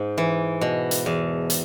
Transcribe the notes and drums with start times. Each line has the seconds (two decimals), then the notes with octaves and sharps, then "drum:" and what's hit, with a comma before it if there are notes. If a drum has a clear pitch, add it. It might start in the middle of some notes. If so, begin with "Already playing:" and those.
Already playing: G#2
0.18 E3
0.61 B2
0.91 drum: hi-hat
1.06 E2
1.50 drum: hi-hat